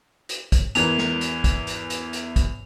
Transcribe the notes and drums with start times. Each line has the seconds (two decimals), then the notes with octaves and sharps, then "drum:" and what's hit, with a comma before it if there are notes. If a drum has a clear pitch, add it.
0.29 drum: hi-hat
0.52 drum: kick, hi-hat
0.75 E2 E3 A#4 F7, drum: hi-hat
0.98 drum: snare
1.21 drum: hi-hat
1.44 drum: kick, hi-hat
1.67 drum: hi-hat
1.90 drum: hi-hat
2.13 drum: hi-hat
2.36 drum: kick, hi-hat